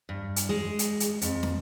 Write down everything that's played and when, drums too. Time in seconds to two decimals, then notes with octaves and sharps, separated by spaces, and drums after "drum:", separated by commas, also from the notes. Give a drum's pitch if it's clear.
0.09 G2
0.36 drum: hi-hat
0.49 G#3
0.79 drum: hi-hat
1.00 drum: hi-hat
1.21 F2, drum: hi-hat
1.43 drum: snare